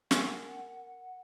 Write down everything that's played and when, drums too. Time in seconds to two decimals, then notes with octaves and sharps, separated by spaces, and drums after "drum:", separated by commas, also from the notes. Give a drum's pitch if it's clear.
0.11 A#3 F#5 G#5, drum: snare